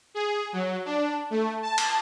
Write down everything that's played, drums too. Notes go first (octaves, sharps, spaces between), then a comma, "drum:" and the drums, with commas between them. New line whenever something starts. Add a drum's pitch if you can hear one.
G#4
F#3
D4
A3
A5
drum: cymbal